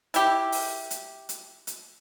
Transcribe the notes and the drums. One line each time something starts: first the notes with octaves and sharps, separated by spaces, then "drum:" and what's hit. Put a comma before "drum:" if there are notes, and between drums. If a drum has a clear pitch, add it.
E4 G4, drum: hi-hat
drum: open hi-hat
drum: hi-hat
drum: hi-hat
drum: hi-hat